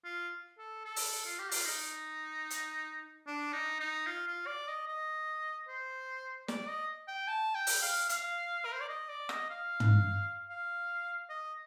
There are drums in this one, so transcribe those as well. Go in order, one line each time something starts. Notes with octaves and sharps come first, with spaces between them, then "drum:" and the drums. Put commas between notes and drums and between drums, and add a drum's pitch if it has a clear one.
F4
A4
A4
drum: open hi-hat
F4
G4
F4, drum: open hi-hat
D#4
drum: hi-hat
D4
D#4
D#4
F4
F4
D5
D#5
D#5
C5
D5, drum: snare
D#5
G5
A5
G5
drum: open hi-hat
F5
F5, drum: hi-hat
A#4
C5
D5
D#5
D5
D#5, drum: rim click
F5
drum: tom
F5
D#5